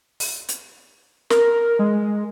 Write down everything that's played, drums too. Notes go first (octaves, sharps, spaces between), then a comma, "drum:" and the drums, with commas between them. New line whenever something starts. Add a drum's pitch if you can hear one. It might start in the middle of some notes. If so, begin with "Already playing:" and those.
drum: open hi-hat
drum: hi-hat
A#4, drum: snare
G#3